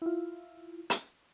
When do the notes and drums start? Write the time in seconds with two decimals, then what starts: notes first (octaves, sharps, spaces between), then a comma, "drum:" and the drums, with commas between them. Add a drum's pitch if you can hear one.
0.02 E4 F4
0.90 drum: hi-hat